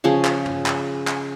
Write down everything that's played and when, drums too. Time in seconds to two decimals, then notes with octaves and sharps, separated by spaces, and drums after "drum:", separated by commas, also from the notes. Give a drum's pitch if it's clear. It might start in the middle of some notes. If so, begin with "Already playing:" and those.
0.04 C#3 F3 C#4 G#4
0.25 drum: clap
0.45 drum: tom
0.66 drum: clap
1.07 drum: clap